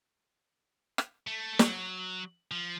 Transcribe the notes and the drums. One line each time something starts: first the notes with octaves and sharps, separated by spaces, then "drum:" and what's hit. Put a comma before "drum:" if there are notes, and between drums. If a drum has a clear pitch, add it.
drum: rim click
A3
F#3, drum: snare
F3